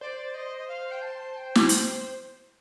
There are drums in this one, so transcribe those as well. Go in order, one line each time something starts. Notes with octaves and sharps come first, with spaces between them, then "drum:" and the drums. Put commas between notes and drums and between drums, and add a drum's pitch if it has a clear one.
C5 D5
D#5
D#5
F5
G5
A5
G5
drum: snare
drum: hi-hat